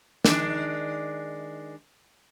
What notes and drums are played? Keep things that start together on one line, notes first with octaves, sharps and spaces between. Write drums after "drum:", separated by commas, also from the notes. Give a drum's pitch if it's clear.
D#3 G#3 D4, drum: snare